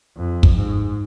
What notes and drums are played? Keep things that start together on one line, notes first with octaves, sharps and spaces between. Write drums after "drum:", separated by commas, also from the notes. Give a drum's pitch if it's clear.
F2
drum: kick
G#2